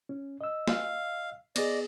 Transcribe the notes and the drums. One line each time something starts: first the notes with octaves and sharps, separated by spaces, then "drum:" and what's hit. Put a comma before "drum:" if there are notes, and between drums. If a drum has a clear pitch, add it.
C#4
D#5 E6
F5, drum: snare
B3 G#4 D5 D#5, drum: cymbal